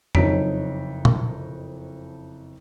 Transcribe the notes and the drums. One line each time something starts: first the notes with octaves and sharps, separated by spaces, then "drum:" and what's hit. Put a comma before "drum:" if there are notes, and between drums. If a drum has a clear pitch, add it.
F#1 F2 D#4 C#5 B6 D7, drum: tom F2
drum: tom